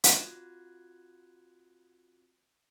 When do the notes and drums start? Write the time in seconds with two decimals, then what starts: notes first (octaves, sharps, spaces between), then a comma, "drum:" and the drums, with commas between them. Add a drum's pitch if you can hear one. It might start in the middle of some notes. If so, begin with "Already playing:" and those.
0.04 C4 F4 F#4 F#6 G#6, drum: hi-hat